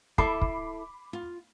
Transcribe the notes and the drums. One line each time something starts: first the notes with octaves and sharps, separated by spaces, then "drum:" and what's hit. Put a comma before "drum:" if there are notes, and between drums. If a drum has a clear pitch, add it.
E4 A4 E5 B5 D6 C7, drum: kick
drum: kick
F4